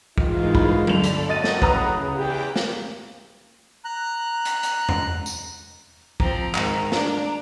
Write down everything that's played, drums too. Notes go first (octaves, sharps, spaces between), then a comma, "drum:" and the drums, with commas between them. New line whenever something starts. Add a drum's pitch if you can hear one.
G#2 D#3 E3 G#3 D#4 F4, drum: kick
B5, drum: kick
G1 A4 D5 F7, drum: tom F#3
drum: hi-hat
A2 F#3 C#5 D#5 A6 D#7
drum: snare
C#3 B4 A#5 D#6, drum: kick
E2 G4 G5 D6
drum: snare
A#5 F#6
drum: hi-hat
drum: hi-hat
drum: tom E2
drum: tambourine
F3 C4 A#5, drum: kick
G#2 D#3, drum: clap
D4, drum: snare